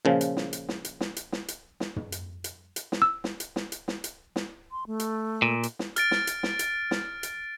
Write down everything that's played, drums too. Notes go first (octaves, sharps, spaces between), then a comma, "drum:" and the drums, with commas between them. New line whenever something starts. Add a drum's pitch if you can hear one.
A#2 C#3 F3
drum: hi-hat
drum: snare
drum: hi-hat
drum: snare
drum: hi-hat
drum: snare
drum: hi-hat
drum: snare
drum: hi-hat
drum: snare
drum: tom
drum: hi-hat
drum: hi-hat
drum: hi-hat
drum: snare
E6
drum: snare
drum: hi-hat
drum: snare
drum: hi-hat
drum: snare
drum: hi-hat
drum: snare
C6
A3
drum: hi-hat
A#2
drum: hi-hat
drum: snare
F6 A6 D7, drum: hi-hat
drum: snare
drum: hi-hat
drum: snare
drum: hi-hat
drum: snare
drum: hi-hat